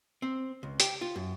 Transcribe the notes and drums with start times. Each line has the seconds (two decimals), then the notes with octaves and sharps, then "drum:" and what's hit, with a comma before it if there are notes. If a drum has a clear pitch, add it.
0.22 C4
0.63 C#2
0.80 G4, drum: hi-hat
1.01 F4
1.16 F#2